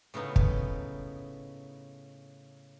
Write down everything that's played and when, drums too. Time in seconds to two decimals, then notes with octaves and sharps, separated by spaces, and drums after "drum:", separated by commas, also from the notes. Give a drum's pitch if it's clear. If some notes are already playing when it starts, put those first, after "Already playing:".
0.14 A2 C#3 B3 D#4
0.36 drum: kick